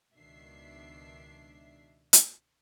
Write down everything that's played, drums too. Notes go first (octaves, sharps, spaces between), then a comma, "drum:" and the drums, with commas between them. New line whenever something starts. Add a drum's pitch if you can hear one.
C#2 B2 D#3 D4 E5 C7
drum: hi-hat